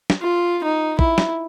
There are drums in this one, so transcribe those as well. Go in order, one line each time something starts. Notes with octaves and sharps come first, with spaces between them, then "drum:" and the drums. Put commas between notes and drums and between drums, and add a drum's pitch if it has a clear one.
drum: snare
F4
D#4
E4, drum: kick
drum: snare